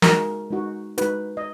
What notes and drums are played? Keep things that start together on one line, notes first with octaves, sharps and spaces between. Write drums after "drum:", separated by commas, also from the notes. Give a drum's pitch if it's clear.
G#3 D#4 F#4 A#4, drum: snare
G#3 D#4 F#4
G#3 D#4 F#4 B4, drum: hi-hat
D#5